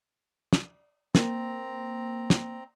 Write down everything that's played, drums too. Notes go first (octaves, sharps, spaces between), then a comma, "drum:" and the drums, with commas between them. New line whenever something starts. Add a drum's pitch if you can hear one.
drum: snare
A#3 C4 A#5, drum: snare
drum: snare